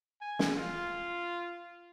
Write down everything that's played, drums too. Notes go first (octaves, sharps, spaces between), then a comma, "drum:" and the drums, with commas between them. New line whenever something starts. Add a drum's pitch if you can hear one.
G#5
drum: snare
F4